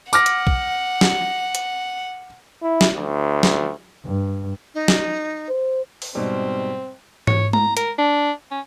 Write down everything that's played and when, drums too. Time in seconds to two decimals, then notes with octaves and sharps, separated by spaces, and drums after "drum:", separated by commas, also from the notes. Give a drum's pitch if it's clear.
0.13 F#5 D6 F6 A#6, drum: tambourine
0.26 drum: hi-hat
0.47 drum: kick
1.01 drum: snare
1.55 drum: hi-hat
2.62 E4
2.81 drum: snare
2.96 D2
3.43 drum: snare
4.05 G2
4.75 D#4
4.88 drum: snare
5.49 C5
6.02 drum: open hi-hat
6.15 G#2 B2 G3 C4
7.27 C#5, drum: tom G#2
7.53 A#5, drum: tom G#3
7.77 A#4, drum: hi-hat
7.99 D4
8.51 C#4